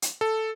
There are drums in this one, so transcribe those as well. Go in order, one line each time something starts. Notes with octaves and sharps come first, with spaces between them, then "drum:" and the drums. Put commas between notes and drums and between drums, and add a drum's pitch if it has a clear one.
drum: hi-hat
A4